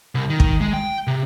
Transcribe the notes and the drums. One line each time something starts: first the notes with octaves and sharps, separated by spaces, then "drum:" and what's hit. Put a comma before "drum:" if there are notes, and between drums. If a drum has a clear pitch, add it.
C2
D#3
drum: kick
G#3
G5
C3